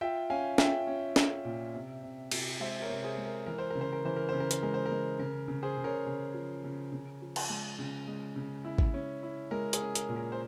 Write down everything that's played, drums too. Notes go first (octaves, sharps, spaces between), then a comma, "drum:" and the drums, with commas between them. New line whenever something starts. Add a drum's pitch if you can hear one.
F4 E5 G5
C#4 F5 G#5
F4 E5 G5, drum: snare
C#4
F4, drum: snare
A#2
C3
C3
C3, drum: cymbal
G#3 C5 E5
A#4 C#5
C3
G#4 C5
G#3
A#4
E3 A#4
C5
C#3 A#4
C5
A#4
E3 C5
A#4
C#3 C5
A#4
C5, drum: hi-hat
G#3 A#4
C5
A#4
G#3
C#3 A#4
C#3
G#4 C5
C#3
A#4 C#5
C#3
F3
C#3
C#3
F3
drum: cymbal
G#3
C#3
G#3
C#3
E4
drum: kick A1
C#4
E4
G#3 A#4
G#4, drum: hi-hat
C#4
A#4, drum: hi-hat
A#2
A#4
C5